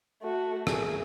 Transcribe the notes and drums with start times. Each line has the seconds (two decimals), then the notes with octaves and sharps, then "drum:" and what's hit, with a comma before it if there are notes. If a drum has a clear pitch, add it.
0.22 A3 F#4
0.67 G#4 A#4, drum: rim click